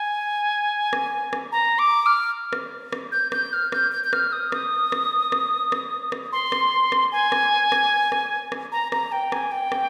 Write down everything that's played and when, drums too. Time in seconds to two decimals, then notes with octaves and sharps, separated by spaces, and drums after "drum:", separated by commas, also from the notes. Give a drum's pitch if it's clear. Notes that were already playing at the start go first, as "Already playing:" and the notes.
Already playing: G#5
0.93 drum: rim click
1.33 drum: rim click
1.52 A#5
1.79 D6
2.06 F6
2.53 drum: rim click
2.93 drum: rim click
3.12 G6
3.32 G6, drum: rim click
3.53 F6
3.72 G6, drum: rim click
3.92 G6
4.04 G6
4.13 F6, drum: rim click
4.32 D#6
4.52 D#6, drum: rim click
4.92 drum: rim click
5.32 drum: rim click
5.72 drum: rim click
6.12 drum: rim click
6.32 C6
6.52 drum: rim click
6.92 drum: rim click
7.12 G#5
7.32 drum: rim click
7.72 drum: rim click
8.12 drum: rim click
8.52 drum: rim click
8.72 A#5
8.92 A#5, drum: rim click
9.12 G5
9.32 G#5, drum: rim click
9.52 G5
9.72 drum: rim click